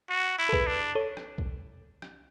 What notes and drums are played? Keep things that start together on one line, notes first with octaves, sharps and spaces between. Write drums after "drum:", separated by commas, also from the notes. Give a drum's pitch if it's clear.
F#4
E4
A4
G#4 B4, drum: kick C2
D4
A4 C#5
drum: rim click
drum: kick C2
drum: rim click